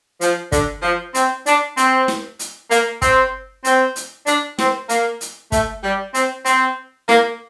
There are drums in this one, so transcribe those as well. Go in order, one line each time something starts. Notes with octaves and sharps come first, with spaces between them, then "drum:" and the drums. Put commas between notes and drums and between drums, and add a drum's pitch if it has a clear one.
F3, drum: hi-hat
D3, drum: kick, hi-hat
F3
C4, drum: hi-hat
D4, drum: hi-hat
C4, drum: hi-hat
drum: snare
drum: hi-hat
A#3, drum: hi-hat
C4, drum: kick, hi-hat
C4, drum: hi-hat
drum: hi-hat
D4, drum: hi-hat
C4, drum: snare
A#3, drum: hi-hat
drum: hi-hat
A3, drum: kick, hi-hat
G3
C4, drum: hi-hat
C4, drum: hi-hat
A#3, drum: snare